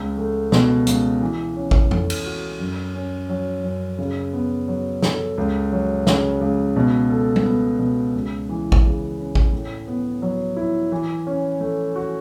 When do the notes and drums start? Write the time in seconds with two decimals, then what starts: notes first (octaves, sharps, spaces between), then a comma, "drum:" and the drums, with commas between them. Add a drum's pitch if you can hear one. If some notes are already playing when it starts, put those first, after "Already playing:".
Already playing: C#2
0.18 A3
0.52 B2, drum: snare
0.87 C#2, drum: hi-hat
1.21 E3
1.56 C#4
1.71 drum: kick A1
1.91 A3, drum: tom F2
2.10 drum: cymbal
2.26 F#4
2.60 F#2
2.94 C#4
3.29 F#3
3.64 F#2
3.99 C#3
4.33 B3
4.68 F#3
5.03 A4, drum: snare
5.38 C#2
5.72 F#3
6.07 C#3, drum: snare
6.41 C#2
6.76 B2
7.10 A4
7.36 drum: tom G3
7.45 B3
7.79 B2
8.14 C#2
8.49 E3
8.72 drum: kick A1
8.83 C#3
9.18 C#4
9.35 drum: kick A1
9.53 A2
9.88 B3
10.22 F#3
10.56 E4
10.92 E3
11.27 C#4
11.60 A3
11.96 F#4